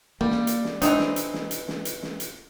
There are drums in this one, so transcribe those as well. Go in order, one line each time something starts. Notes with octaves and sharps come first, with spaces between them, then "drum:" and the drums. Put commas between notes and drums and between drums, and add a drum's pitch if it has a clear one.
G3 A#3
drum: snare
drum: hi-hat
drum: snare
E3 C4 D4 D#4, drum: hi-hat
drum: snare
drum: hi-hat
drum: snare
drum: hi-hat
drum: snare
drum: hi-hat
drum: snare
drum: hi-hat